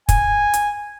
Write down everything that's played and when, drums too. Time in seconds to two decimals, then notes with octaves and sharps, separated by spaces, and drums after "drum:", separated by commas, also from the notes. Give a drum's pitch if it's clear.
0.09 G#5, drum: kick, hi-hat
0.54 drum: hi-hat